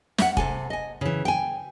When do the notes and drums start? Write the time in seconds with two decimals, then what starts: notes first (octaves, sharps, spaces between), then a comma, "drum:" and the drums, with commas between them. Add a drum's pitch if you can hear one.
0.18 E5 F#5, drum: snare
0.37 C3 A4 G#5, drum: kick F1
0.70 D#5 G#5
1.01 C#3 E3
1.25 G5 G#5